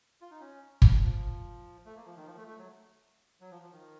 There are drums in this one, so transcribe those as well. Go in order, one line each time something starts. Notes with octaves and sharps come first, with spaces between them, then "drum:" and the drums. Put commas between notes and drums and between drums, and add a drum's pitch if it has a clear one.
F4
D#4
C#4
F3, drum: kick
F3
A3
A#3
F3
D#3
F3
A3
A3
F#3
F#3
F3
F3
D#3